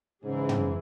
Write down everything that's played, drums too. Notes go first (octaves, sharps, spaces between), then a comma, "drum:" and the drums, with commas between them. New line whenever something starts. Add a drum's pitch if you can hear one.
G#2 C#3 E3 G#4
drum: tom